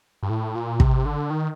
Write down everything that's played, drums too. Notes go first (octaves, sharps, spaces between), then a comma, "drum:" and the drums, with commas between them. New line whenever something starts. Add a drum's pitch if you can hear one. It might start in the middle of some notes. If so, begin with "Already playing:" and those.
G2
A2
A#2
C3, drum: kick
D3
D#3